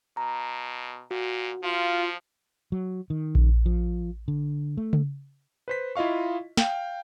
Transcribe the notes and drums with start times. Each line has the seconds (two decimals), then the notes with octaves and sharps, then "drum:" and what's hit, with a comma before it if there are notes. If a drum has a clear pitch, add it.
0.17 B2 A#5
1.11 A#2 F#4
1.63 F3 F4
2.72 F#3
3.10 D#3
3.35 drum: kick A#1
3.66 F3
4.28 D3
4.77 A3
4.93 drum: tom C#3
5.68 B4 C5 B6
5.96 E4 F4 D#5 F5 C#6
6.57 F5 G5, drum: snare